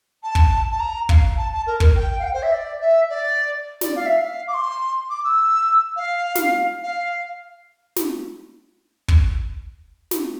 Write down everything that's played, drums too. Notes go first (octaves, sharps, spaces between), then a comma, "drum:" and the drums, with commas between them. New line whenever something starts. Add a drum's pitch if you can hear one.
A5
drum: kick
A5
A#5
F5, drum: kick
A5
A5
A#4
A#4, drum: kick
G5
F5
G5
C5
E5
D5
E5
D5
D5, drum: snare
F5
E5
F5
D6
C6
D6
E6
F5
drum: snare
F5
drum: snare
drum: kick
drum: snare